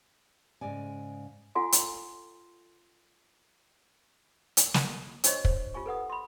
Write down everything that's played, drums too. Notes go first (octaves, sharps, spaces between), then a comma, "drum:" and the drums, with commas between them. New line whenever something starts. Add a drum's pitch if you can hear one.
G#2 C#3 D5 G#5
F4 A4 F#5 G#5 C6
drum: hi-hat
drum: hi-hat
drum: snare
D4 F#4 C5 C#5 D#5 C#6, drum: hi-hat
C5, drum: kick
F4 G4 G#5 C#6
A4 B4 F#5 D#6
B5 C6